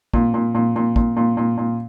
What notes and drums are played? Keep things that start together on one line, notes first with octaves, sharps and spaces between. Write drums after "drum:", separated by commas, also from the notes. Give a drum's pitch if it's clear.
A#2, drum: kick
A#2
A#2
A#2
A#2, drum: kick
A#2
A#2
A#2